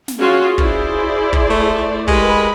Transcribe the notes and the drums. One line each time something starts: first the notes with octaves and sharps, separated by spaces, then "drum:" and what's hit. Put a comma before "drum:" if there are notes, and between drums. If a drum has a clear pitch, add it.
drum: snare
C#4 F4 F#4 G#4
E4 C5 D5, drum: kick
drum: kick
A3
G#3 G4 A#4 B4 B5, drum: kick